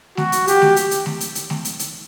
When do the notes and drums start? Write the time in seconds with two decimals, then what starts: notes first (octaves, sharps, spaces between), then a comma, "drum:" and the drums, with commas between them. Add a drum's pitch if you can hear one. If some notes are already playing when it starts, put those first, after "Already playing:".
0.17 F#4, drum: snare A3
0.32 drum: hi-hat
0.47 G4, drum: hi-hat
0.62 drum: snare A3
0.76 drum: hi-hat
0.91 drum: hi-hat
1.06 drum: snare A3
1.21 drum: hi-hat
1.35 drum: hi-hat
1.50 drum: snare A3
1.65 drum: hi-hat
1.79 drum: hi-hat